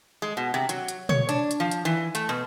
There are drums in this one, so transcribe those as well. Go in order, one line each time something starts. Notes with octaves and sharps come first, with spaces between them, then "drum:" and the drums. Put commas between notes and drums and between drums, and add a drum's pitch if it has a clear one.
G#3
B2
C3
F#3, drum: hi-hat
drum: hi-hat
C#5, drum: tom
D4, drum: hi-hat
drum: hi-hat
F3
drum: hi-hat
E3
A3, drum: hi-hat
B2